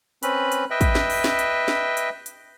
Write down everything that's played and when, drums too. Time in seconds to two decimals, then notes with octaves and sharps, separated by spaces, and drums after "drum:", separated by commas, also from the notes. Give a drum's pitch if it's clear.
0.23 C4 C#4 B4 B5, drum: hi-hat
0.52 drum: hi-hat
0.70 B4 D#5 E5 G5
0.81 drum: kick, hi-hat
0.95 drum: snare
1.10 drum: open hi-hat
1.24 drum: snare
1.39 drum: hi-hat
1.68 drum: snare
1.97 drum: hi-hat
2.26 drum: hi-hat